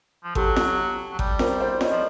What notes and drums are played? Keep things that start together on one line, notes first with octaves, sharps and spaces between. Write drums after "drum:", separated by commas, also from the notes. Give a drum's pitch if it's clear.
F3
F#3 G4 A4, drum: kick G#1
drum: snare
F#3
G3, drum: kick G#1
A#4 C5, drum: snare
C5 D5
C#5 D#5, drum: snare
F3